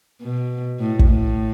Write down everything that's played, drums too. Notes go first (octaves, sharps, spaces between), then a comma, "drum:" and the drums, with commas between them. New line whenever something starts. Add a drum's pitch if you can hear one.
B2
A2
drum: kick
A2